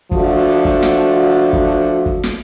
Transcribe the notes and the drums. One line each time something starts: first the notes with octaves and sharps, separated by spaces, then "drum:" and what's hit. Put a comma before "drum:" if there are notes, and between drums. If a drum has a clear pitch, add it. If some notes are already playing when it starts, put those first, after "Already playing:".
F3 A3 D4 F#4, drum: kick
drum: kick
drum: snare
drum: kick
drum: kick
drum: snare